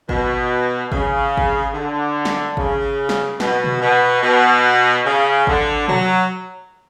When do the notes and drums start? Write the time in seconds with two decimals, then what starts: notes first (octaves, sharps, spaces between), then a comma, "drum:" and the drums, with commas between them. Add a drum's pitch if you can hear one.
0.09 B2, drum: kick G#1
0.92 C#3, drum: kick G#1
1.37 drum: kick G#1
1.74 D3
2.25 drum: snare
2.57 C#3, drum: kick G#1
3.09 drum: snare
3.40 B2, drum: snare
3.64 drum: tom B2
3.81 B2
4.23 B2
5.06 C#3
5.47 D3, drum: kick G#1
5.88 F#3, drum: tom B2